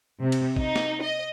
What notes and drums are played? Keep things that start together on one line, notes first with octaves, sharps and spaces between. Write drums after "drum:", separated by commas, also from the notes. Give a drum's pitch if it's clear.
C3
drum: cymbal
D#4, drum: kick
drum: snare
D#5